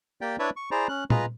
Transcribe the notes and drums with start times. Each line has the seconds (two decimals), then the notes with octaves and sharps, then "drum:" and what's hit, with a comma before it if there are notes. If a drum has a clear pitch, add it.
0.21 A#3 G4 D5 G5
0.39 D4 E4 B4 C#5 D5 E5
0.56 C#6
0.71 E4 G#4 C5 D5 A#5
0.89 C#4 F#6
1.10 F4 G#4 B4 D#5 A#5, drum: tom A#2